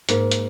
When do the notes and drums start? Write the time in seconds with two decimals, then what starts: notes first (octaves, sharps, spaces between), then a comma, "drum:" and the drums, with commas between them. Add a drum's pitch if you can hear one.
0.09 G#2 A#3, drum: hi-hat
0.31 drum: hi-hat